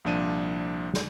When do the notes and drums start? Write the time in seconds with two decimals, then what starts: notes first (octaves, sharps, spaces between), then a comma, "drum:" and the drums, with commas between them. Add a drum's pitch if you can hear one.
0.05 C2 A#2 F3 D4 D#7
0.94 drum: snare